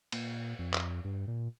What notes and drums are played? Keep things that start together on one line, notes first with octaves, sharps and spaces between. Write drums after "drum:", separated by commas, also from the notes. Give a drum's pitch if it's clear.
A#2, drum: cymbal
F2
drum: clap
G2
A#2